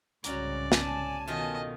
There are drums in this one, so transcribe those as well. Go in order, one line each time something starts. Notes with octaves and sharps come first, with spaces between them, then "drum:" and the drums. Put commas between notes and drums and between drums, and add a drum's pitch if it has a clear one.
C2 G#2 C#3 F#3 C#4 D5 A#5, drum: hi-hat
G#5 A5, drum: snare
B2 D#3 A3 F4 D#5